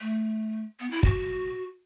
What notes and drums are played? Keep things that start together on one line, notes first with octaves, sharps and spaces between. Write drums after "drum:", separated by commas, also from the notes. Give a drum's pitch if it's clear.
A3
B3
E4
F#4, drum: kick